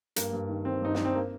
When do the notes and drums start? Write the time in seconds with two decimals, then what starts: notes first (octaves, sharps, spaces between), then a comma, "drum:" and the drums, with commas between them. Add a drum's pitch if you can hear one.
0.16 G2 A#3, drum: hi-hat
0.33 G2
0.49 D#3
0.65 D#3 C4
0.82 G2 D#4
0.95 G2 D4, drum: snare
1.05 C4
1.15 A#3